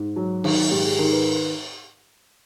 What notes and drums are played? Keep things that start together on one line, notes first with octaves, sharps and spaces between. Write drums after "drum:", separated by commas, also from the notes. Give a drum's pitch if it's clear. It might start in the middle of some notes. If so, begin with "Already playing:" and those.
Already playing: G#2
F#3
D#3, drum: cymbal
G#2 G4
G#4
D#3 A#4
B4